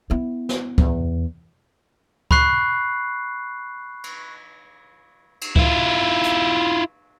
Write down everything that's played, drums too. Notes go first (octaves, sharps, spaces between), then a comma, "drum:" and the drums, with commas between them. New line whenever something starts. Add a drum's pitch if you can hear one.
B3 E4
drum: snare
E2, drum: kick C#2
B5 C#6 F#6 C7, drum: kick C#2
drum: cymbal
drum: cymbal
E4 F4, drum: kick C#2
drum: hi-hat